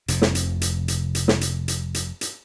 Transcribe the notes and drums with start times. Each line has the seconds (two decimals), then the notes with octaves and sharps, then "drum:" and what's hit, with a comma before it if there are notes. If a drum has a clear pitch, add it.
0.08 F1 F2 C3, drum: hi-hat
0.22 drum: snare
0.35 drum: hi-hat
0.61 drum: hi-hat
0.88 drum: hi-hat
1.15 drum: hi-hat
1.28 drum: snare
1.41 drum: hi-hat
1.68 drum: hi-hat
1.94 drum: hi-hat
2.21 drum: hi-hat